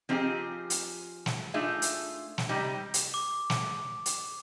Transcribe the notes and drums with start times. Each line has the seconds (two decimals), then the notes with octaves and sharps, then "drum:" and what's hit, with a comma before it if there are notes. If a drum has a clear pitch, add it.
0.09 F3 C4 D#4 F4 G4 G#4
0.70 drum: hi-hat
1.26 drum: snare
1.54 A3 D4 D#4 F4 G#4 E5
1.82 drum: hi-hat
2.38 drum: snare
2.49 C3 G3 C4 D#4 G4
2.94 drum: hi-hat
3.14 D6
3.50 drum: snare
4.06 drum: hi-hat